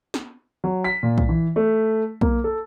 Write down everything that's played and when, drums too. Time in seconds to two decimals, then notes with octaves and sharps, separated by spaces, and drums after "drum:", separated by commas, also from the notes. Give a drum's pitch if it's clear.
0.14 drum: snare
0.64 F#3
0.84 B6
1.03 A#2
1.18 drum: kick B1
1.29 E3
1.56 A3
2.21 A#3, drum: kick B1
2.44 A4